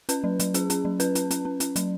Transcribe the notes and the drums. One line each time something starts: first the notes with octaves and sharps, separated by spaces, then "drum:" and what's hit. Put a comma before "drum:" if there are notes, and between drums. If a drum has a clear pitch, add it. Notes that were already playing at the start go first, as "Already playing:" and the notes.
C#4 B4, drum: hi-hat
F#3
F#3, drum: hi-hat
C#4 G#4, drum: hi-hat
C#4, drum: hi-hat
F#3
C#4 B4, drum: hi-hat
C#4, drum: hi-hat
C#4, drum: hi-hat
C#4
C#4, drum: hi-hat
F#3, drum: hi-hat